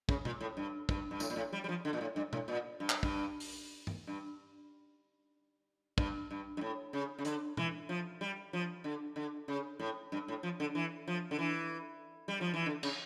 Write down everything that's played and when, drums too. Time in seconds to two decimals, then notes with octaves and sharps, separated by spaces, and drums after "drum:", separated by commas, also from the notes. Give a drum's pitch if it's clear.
0.09 C#3, drum: kick
0.25 A#2, drum: tom B2
0.41 A2
0.57 G2
0.89 G2, drum: kick
1.11 G2
1.20 A2, drum: tambourine
1.30 A#2
1.36 A2
1.53 G3
1.64 G3
1.69 F3
1.85 D3
1.93 A#2
2.01 A2
2.16 G2
2.33 A2, drum: tom B2
2.48 A#2
2.80 G2
2.90 drum: clap
3.03 G2, drum: kick
3.40 drum: open hi-hat
3.87 drum: tom G2
4.07 G2
5.98 G2, drum: kick
6.31 G2
6.57 G2
6.61 A2
6.93 C#3
7.19 C#3
7.25 D3, drum: hi-hat
7.57 E3, drum: tom B2
7.89 F3
8.21 G3
8.53 F3
8.84 D3
9.16 D3
9.48 C#3
9.79 A2
10.12 G2
10.28 A2
10.43 F3
10.60 D3
10.75 E3
11.08 F3
11.31 D3
11.39 E3
12.28 G3
12.41 F3
12.54 E3
12.66 D3
12.83 C#3, drum: cymbal